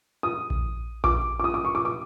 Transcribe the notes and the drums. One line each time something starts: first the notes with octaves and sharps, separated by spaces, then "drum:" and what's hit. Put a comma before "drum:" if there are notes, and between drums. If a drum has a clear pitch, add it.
D#6
drum: kick A#1
D6, drum: kick A#1
D6
D#6
D6
C#6
D6
D6